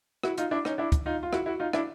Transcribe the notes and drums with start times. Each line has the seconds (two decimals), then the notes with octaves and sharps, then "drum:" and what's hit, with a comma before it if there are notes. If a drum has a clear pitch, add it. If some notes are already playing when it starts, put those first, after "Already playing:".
0.23 E4 F#4, drum: rim click
0.38 D#4 F4, drum: hi-hat
0.51 D4 E4
0.65 C#4 D#4, drum: rim click
0.78 D4 E4
0.92 drum: kick, hi-hat
1.06 D#4 F4
1.23 F4
1.33 E4 F#4, drum: rim click
1.46 E4 F#4
1.60 D#4 F4
1.73 D4 E4, drum: rim click